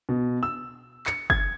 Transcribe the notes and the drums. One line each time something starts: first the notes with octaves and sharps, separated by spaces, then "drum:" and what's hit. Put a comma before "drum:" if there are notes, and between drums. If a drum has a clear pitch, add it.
B2
E6
C#7, drum: clap
G#6, drum: kick F#1